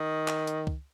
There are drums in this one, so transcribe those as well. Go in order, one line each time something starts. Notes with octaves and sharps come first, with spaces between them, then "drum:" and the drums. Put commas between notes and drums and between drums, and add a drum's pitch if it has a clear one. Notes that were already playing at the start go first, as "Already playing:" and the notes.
Already playing: D#3
drum: clap
drum: hi-hat
drum: kick